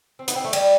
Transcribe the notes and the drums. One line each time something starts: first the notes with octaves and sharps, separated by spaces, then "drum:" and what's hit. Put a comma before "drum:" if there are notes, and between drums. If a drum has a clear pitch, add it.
C4
B3, drum: hi-hat
C4
A3
G3, drum: cymbal